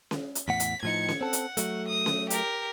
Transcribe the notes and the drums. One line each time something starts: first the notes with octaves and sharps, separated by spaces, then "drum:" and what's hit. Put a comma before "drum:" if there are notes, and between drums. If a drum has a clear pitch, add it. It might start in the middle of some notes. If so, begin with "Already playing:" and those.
drum: snare C#4
drum: hi-hat
E2 A2 F#5 B6
drum: hi-hat
A2 F3 D#4 G#6 C#7
drum: snare C#4
C4 A4 F#5
drum: hi-hat
F#3 A3, drum: hi-hat
D#6
drum: snare C#4
G4 A#4, drum: hi-hat